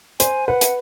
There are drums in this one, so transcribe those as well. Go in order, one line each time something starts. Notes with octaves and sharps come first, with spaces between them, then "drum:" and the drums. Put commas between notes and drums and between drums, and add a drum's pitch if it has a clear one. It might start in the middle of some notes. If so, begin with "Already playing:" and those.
C5 G#5, drum: hi-hat
B4 F#5
drum: hi-hat